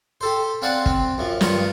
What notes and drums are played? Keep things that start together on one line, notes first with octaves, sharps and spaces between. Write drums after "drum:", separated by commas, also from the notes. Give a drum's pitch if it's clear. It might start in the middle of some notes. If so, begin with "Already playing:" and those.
G4 A4 C5
C4 D4 F5 F#5 G#5 A5
C4, drum: kick
F#2 F3
G2 D#3 F4 C#6, drum: snare